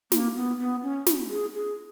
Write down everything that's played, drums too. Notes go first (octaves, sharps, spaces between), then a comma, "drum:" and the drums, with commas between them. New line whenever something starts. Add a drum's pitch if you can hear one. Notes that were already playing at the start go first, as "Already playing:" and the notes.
A#3, drum: snare
B3
B3
C#4
drum: snare
G#4
G#4